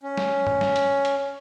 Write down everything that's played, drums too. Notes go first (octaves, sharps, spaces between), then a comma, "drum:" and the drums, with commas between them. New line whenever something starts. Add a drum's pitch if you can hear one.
C#4
drum: snare
drum: tom G2
drum: snare
drum: hi-hat
drum: hi-hat